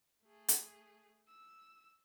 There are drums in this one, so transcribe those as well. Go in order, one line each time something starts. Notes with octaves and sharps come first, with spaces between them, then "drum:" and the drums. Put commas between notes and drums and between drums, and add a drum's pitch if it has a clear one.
A3 G#4
drum: hi-hat
E6